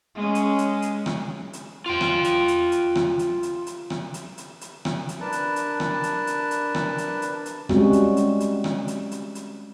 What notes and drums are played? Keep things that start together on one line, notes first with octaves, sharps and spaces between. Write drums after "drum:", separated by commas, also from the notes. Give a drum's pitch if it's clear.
G#3 C#4
drum: hi-hat
drum: hi-hat
drum: hi-hat
drum: rim click
drum: hi-hat
F4 G5
drum: rim click
drum: hi-hat
drum: hi-hat
drum: hi-hat
drum: rim click
drum: hi-hat
drum: hi-hat
drum: hi-hat
drum: rim click
drum: hi-hat
drum: hi-hat
drum: hi-hat
drum: rim click
drum: hi-hat
D4 A#4 B4 A5
drum: hi-hat
drum: hi-hat
drum: rim click
drum: hi-hat
drum: hi-hat
drum: hi-hat
drum: rim click
drum: hi-hat
drum: hi-hat
drum: hi-hat
G3 G#3 C4 C#4 F#4, drum: rim click
drum: hi-hat
drum: hi-hat
drum: hi-hat
drum: rim click
drum: hi-hat
drum: hi-hat
drum: hi-hat